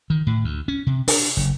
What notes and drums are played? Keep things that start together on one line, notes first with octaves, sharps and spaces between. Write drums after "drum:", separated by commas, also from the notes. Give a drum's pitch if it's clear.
D#3
A2
D2
C#4
C3
D4, drum: open hi-hat
F#1